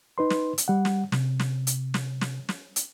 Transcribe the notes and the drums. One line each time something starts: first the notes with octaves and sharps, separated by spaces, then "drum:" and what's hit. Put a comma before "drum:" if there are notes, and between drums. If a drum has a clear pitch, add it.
D#4 B4 C6
drum: snare
drum: hi-hat
G3 F#5
drum: snare
C3, drum: snare
drum: snare
drum: hi-hat
drum: snare
drum: snare
drum: snare
drum: hi-hat